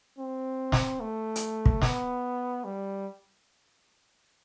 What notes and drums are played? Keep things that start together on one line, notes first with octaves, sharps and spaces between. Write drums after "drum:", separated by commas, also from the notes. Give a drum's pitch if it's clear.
C4
drum: snare
A3
drum: hi-hat
drum: kick
B3, drum: snare
G3